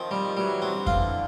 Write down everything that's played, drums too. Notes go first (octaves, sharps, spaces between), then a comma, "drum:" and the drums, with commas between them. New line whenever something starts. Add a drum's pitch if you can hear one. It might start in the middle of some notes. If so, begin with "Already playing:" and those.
Already playing: D#3 F3 C4
G3
E3 F#3 G3
C4
D3 E3
F4, drum: kick F2